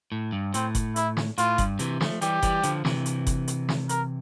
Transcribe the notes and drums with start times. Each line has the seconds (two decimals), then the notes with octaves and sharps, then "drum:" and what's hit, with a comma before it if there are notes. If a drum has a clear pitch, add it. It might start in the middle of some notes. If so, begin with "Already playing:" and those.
0.12 A2
0.32 G2
0.54 A2 C4, drum: hi-hat
0.75 drum: kick F#1, hi-hat
0.96 E4, drum: hi-hat
1.17 drum: snare
1.38 A2 F4, drum: hi-hat
1.58 G2, drum: kick F#1, hi-hat
1.79 C3 E3, drum: hi-hat
2.01 F3 A3, drum: snare
2.22 E3 G3 G4, drum: hi-hat
2.43 E3 G3, drum: kick F#1, hi-hat
2.63 D3 F3, drum: hi-hat
2.85 C3 E3, drum: snare
3.06 drum: hi-hat
3.27 drum: kick F#1, hi-hat
3.48 drum: hi-hat
3.69 drum: snare
3.89 A#4, drum: hi-hat